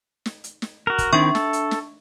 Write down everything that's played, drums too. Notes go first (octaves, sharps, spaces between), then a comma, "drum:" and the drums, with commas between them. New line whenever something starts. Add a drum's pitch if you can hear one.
drum: snare
drum: hi-hat
drum: snare
F#4 A#4
drum: kick, hi-hat
D#3 C4 D4 E4 E5 C#6
A4, drum: snare
drum: hi-hat
drum: snare